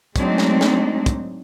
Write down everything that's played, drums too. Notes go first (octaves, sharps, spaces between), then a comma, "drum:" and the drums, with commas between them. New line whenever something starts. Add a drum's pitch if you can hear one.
F#3 G#3 A3 C4 D4 D#4, drum: kick, hi-hat
drum: snare
drum: snare
drum: kick, hi-hat